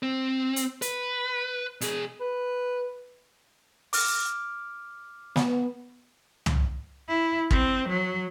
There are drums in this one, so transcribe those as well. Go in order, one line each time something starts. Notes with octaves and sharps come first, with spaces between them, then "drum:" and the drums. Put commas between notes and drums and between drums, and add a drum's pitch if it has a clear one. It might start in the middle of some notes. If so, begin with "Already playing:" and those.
C4
drum: hi-hat
B4, drum: hi-hat
B2 G#4, drum: hi-hat
B4
D6 F6, drum: open hi-hat
B3, drum: snare
drum: tom
E4
C4, drum: kick
F#3